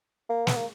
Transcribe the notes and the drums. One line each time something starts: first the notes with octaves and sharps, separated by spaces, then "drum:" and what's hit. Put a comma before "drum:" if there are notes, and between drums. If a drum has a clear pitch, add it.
A#3
B3, drum: snare
A#3